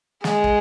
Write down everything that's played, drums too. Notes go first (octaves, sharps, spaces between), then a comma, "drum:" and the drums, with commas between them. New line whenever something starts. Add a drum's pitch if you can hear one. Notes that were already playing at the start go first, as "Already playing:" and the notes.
G#3, drum: snare
drum: kick